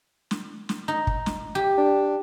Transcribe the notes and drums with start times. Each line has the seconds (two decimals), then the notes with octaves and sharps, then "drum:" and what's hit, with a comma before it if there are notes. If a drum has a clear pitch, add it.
0.31 drum: snare
0.69 drum: snare
0.88 D#4
1.07 drum: kick
1.26 drum: snare
1.55 G4
1.78 D4